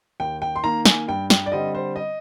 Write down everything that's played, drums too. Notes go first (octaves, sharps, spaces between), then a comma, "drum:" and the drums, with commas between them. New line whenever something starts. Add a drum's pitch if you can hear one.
D#2 G5
G5
C6
D#3 A#3 A#5
G#5, drum: snare
G2 G5
G5, drum: snare
D5
D3 G3 C4 D#5
C5
D#5